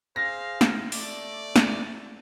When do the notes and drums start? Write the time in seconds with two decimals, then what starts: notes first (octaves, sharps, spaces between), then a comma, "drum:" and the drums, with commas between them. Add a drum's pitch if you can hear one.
0.16 G#4 C5 F5 A#6
0.61 drum: snare
0.92 A3 D5, drum: open hi-hat
1.56 drum: snare